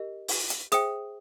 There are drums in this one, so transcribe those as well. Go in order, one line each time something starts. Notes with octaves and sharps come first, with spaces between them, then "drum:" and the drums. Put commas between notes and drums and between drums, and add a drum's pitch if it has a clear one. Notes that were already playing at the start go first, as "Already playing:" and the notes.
Already playing: G4 A#4 D#5
drum: open hi-hat
drum: hi-hat
G#4 C5 E5 G5 D#6, drum: hi-hat